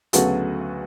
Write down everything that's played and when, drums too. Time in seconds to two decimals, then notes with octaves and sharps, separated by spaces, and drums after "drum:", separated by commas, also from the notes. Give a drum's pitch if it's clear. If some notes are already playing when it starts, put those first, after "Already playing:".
0.13 D2 C#3 F#3 B3 F#4 A4, drum: hi-hat